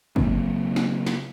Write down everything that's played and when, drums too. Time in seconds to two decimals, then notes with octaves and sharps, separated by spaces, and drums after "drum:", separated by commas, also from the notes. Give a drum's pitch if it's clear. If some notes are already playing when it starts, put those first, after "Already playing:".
0.16 C#3 F#3 A#3 C4, drum: kick
0.76 drum: snare
1.06 drum: snare